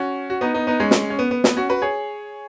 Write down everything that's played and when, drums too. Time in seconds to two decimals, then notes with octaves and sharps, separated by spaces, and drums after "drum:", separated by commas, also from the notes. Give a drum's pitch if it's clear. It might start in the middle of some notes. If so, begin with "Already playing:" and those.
Already playing: C#4 F#4
0.30 F#4
0.41 B3 D#4
0.54 B3 D#4
0.67 B3 D#4
0.80 G#3 C#4
0.91 drum: snare
1.10 C#4
1.19 B3
1.31 B3
1.44 B3, drum: snare
1.57 C#4 F#4
1.69 F#4 B4
1.82 G#4 C#5